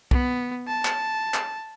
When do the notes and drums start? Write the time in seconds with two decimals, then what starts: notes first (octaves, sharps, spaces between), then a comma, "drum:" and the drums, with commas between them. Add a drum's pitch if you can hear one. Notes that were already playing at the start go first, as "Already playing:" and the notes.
0.11 B3, drum: kick
0.68 A5
0.85 drum: clap
1.34 drum: clap